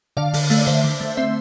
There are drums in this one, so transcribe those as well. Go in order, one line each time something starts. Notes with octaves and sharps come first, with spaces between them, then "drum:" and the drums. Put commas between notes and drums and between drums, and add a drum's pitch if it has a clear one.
D3 D5 F5
D3, drum: open hi-hat
A3, drum: open hi-hat
D5
D3 C5 E5
D3
A3
C4 C5 E5